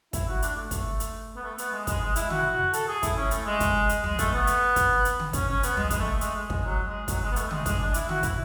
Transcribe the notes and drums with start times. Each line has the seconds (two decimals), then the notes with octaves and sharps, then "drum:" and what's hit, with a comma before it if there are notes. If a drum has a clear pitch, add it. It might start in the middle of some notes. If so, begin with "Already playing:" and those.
0.13 E4, drum: kick, hi-hat
0.28 F#4
0.42 D4, drum: hi-hat
0.57 A3
0.71 drum: kick, hi-hat
1.00 drum: hi-hat
1.36 B3
1.43 A3
1.58 B3, drum: hi-hat
1.72 G#3
1.87 G#3, drum: kick, hi-hat
2.01 G#3
2.16 E4, drum: hi-hat
2.30 F#4, drum: tom C#3
2.52 F#4
2.73 A4, drum: hi-hat
2.88 G#4
3.03 E4, drum: kick, hi-hat
3.17 C#4
3.31 A3, drum: hi-hat
3.46 G#3
3.60 drum: kick, hi-hat
3.89 drum: hi-hat
4.04 G#3, drum: tom
4.19 A3, drum: kick, hi-hat
4.33 B3
4.47 drum: hi-hat
4.76 drum: kick, hi-hat
5.05 drum: hi-hat
5.19 drum: tom C#3
5.33 C#4, drum: kick, hi-hat
5.48 C#4
5.63 B3, drum: hi-hat
5.77 G#3, drum: tom
5.90 G#3, drum: kick, hi-hat
5.99 A3
6.21 G#3, drum: hi-hat
6.36 G#3
6.50 G#3, drum: kick
6.64 F#3
6.86 G#3
7.08 F#3, drum: kick, hi-hat
7.22 G#3
7.32 B3
7.36 A3, drum: hi-hat
7.51 G#3, drum: tom C#3
7.66 G#3, drum: kick, hi-hat
7.80 D4
7.94 E4, drum: hi-hat
8.09 F#4, drum: tom C#3
8.23 E4, drum: kick, hi-hat